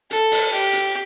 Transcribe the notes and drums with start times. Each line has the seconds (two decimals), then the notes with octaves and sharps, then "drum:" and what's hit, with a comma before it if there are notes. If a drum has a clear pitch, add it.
0.11 A4, drum: hi-hat
0.32 drum: open hi-hat
0.52 G4
0.73 drum: hi-hat